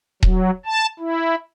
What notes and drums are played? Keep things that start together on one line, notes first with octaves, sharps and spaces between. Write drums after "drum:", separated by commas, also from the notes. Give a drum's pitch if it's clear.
F#3, drum: kick D#1
A5
E4